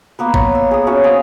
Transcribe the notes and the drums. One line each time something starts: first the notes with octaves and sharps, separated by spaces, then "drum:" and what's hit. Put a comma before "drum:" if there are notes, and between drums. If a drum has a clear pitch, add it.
A#3 B3 B4
C#5, drum: kick A1
E6
G#4 D#6
C#4 F#4 E5
C4 G#4 F5 A#5